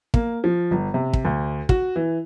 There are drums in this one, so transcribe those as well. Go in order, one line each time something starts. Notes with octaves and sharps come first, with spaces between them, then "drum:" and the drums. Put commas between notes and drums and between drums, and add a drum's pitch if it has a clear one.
A#3, drum: kick
F3
G1
C3
drum: kick
D2
F#4, drum: kick
E3